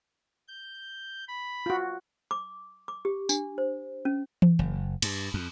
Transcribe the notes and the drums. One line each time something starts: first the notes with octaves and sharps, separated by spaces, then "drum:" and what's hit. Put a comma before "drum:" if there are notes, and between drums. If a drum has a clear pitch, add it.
G6
B5
F4 F#4
D6
D6
G4
D4, drum: tambourine
C5
C#4
drum: tom E3
F#1
G2, drum: cymbal
F2